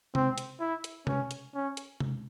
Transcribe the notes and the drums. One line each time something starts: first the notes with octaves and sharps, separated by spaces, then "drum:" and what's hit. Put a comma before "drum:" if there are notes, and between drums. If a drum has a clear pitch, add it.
C4, drum: tom C3
drum: hi-hat
E4
drum: hi-hat
C#4, drum: tom C3
drum: hi-hat
C#4
drum: hi-hat
drum: tom C3